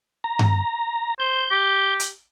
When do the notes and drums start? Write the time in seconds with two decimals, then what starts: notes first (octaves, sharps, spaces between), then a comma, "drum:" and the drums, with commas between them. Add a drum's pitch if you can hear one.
0.24 A#5
0.39 drum: tom G2
1.20 C5 G6
1.51 G4
2.00 drum: hi-hat